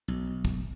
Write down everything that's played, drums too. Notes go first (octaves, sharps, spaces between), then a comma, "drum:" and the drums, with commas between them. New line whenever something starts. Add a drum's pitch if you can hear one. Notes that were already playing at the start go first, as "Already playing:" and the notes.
B1
drum: kick